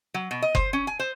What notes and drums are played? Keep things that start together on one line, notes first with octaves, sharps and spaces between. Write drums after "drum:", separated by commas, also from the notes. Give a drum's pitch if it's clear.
F#3
B2
D#5
C5, drum: kick F#1
C#4
G#5
C5